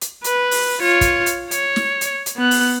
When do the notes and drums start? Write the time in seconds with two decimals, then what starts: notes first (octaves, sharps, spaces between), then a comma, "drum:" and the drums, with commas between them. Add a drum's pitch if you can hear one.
0.01 drum: hi-hat
0.24 B4, drum: hi-hat
0.51 drum: open hi-hat
0.81 F4 C#5
1.01 drum: kick, hi-hat
1.26 drum: hi-hat
1.51 C#5, drum: hi-hat
1.76 drum: snare
2.01 drum: hi-hat
2.26 drum: hi-hat
2.37 B3 F#6
2.51 drum: open hi-hat